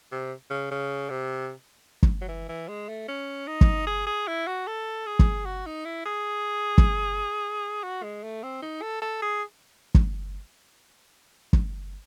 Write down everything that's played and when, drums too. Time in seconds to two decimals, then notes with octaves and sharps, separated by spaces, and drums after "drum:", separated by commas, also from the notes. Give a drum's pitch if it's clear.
0.12 C3
0.50 C#3
0.71 C#3
1.10 C3
2.03 drum: kick
2.21 F#3
2.28 E3
2.49 E3
2.68 G#3
2.89 A3
3.08 C#4
3.47 D#4
3.61 drum: kick
3.87 G#4
4.07 G#4
4.28 E4
4.47 F#4
4.67 A4
5.06 G#4
5.19 drum: kick
5.45 F#4
5.66 D#4
5.85 E4
6.05 G#4
6.78 drum: kick
7.83 F#4
8.03 G#3
8.23 A3
8.43 C4
8.62 D#4
8.82 A4
9.02 A4
9.22 G#4
9.95 drum: kick
11.53 drum: kick